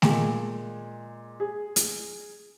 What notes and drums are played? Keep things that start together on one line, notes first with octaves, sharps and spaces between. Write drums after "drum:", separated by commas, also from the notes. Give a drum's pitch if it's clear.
A#2 G#3, drum: snare A3
G#4
drum: hi-hat